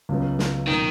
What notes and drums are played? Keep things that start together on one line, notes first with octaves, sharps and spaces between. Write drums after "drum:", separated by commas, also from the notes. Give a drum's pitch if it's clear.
C#2 C#3 F#3 B3
drum: snare
B2 D#3 F#3